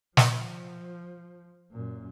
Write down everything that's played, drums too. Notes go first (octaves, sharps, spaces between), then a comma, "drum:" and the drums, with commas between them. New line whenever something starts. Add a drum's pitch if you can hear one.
F3, drum: snare
F#2 A#2